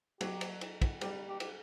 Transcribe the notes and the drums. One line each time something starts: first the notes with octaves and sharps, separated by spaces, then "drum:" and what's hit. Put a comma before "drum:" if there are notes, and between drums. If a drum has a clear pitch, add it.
F#3 G4, drum: cymbal
drum: cymbal
drum: cymbal
drum: kick, cymbal
G3 G4, drum: cymbal
G4
G4, drum: cymbal